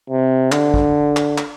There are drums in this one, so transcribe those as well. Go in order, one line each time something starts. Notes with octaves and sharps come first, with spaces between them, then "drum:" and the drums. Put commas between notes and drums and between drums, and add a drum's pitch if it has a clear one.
C3
D3, drum: clap
drum: kick
drum: clap
drum: clap